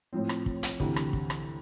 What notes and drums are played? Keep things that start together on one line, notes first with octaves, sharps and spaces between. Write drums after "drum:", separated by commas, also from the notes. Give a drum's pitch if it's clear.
A2 F3 C4
drum: rim click
drum: kick
drum: hi-hat
D2 C3 E3, drum: kick
drum: rim click
drum: kick
drum: rim click